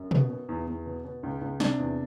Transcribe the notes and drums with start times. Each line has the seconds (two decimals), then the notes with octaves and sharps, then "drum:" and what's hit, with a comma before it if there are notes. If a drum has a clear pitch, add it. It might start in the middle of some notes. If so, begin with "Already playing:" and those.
Already playing: F#2
0.11 B2, drum: tom
0.30 B2
0.49 E2
0.67 E2
0.86 B2
1.05 B2
1.23 C#2
1.41 C#2
1.60 C3 D4, drum: snare
1.79 E2